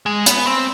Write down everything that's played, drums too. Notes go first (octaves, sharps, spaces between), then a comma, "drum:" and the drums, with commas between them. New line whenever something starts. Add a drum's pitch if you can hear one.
G#3
B3, drum: hi-hat
C4